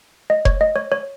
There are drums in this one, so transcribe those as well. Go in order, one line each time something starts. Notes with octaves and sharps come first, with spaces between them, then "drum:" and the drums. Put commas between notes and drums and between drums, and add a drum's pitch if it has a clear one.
D#5
C#5, drum: kick F1
D#5
C#5
C#5